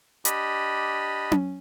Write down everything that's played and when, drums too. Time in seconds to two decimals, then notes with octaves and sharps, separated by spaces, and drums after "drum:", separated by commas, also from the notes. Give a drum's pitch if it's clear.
0.25 D4 G4 D#5 B5, drum: hi-hat
1.32 drum: tom C#4